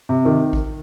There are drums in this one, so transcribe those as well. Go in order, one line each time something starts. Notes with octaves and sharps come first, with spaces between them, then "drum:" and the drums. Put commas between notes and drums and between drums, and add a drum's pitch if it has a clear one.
C3
D#3
drum: kick A1